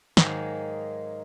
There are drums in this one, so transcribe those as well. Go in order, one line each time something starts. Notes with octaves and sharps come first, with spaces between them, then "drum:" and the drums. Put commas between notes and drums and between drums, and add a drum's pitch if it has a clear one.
G#2 D#3 F#3 G#3 A#3 D#4, drum: snare